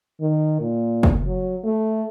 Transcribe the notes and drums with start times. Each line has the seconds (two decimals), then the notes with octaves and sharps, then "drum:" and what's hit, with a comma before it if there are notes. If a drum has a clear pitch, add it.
0.21 D#3
0.60 A#2
1.03 drum: kick
1.26 F#3
1.64 A3